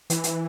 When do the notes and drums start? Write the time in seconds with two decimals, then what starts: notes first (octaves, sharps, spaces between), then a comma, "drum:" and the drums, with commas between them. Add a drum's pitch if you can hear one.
0.10 E3, drum: hi-hat
0.24 drum: hi-hat